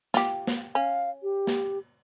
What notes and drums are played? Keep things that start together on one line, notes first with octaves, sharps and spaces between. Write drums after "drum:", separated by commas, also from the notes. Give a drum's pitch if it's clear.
F4 G4, drum: snare
drum: snare
C#4 F5
G4
drum: snare